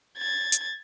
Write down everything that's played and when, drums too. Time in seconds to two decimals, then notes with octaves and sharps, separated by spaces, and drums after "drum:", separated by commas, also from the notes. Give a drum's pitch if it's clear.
0.18 G#6 A6
0.52 drum: hi-hat